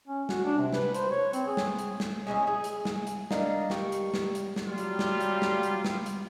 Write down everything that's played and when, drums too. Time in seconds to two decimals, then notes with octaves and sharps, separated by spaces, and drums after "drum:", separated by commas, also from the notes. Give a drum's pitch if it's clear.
0.07 C#4
0.29 F#4, drum: snare
0.45 D4
0.58 C3
0.73 B4, drum: snare
0.94 C5, drum: hi-hat
1.11 C#5
1.33 C4, drum: hi-hat
1.46 G#4
1.57 drum: snare
1.79 drum: hi-hat
2.00 drum: snare
2.27 G#3 C#4 D#4 E4
2.47 G#4
2.64 drum: hi-hat
2.85 drum: snare
3.07 drum: hi-hat
3.31 D4 A#4 D5 D#5 F5 A#5, drum: snare
3.70 G4 G5 C#6, drum: snare
3.92 drum: hi-hat
4.14 drum: snare
4.35 drum: hi-hat
4.56 drum: snare
4.66 F#3 G3 F4
4.78 drum: hi-hat
4.99 drum: snare
5.20 drum: hi-hat
5.42 drum: snare
5.63 drum: hi-hat
5.85 drum: snare
6.06 drum: hi-hat